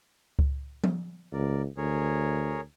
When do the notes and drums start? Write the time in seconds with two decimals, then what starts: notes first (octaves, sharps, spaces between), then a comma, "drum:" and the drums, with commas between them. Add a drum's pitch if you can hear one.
0.39 drum: kick C#2
0.84 drum: tom F3
1.33 C#2 A#4 D5
1.77 D2 G#4 A#4 C#5